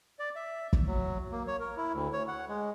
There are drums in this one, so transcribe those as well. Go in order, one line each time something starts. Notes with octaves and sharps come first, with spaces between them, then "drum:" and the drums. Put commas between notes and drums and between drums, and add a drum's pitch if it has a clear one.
D5
E5
drum: kick
F#3
A#3
C#5
A#4
E4
D2
C#5
F#5
G#3